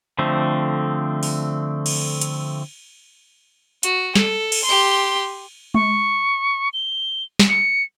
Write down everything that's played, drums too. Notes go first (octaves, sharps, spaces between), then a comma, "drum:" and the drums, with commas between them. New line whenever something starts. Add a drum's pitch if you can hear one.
D3 F3 A3 C4
drum: open hi-hat
drum: cymbal
drum: hi-hat
F#4, drum: hi-hat
A4, drum: snare
drum: cymbal
G4 C6
C#6, drum: tom G#3
G7
drum: snare
C#7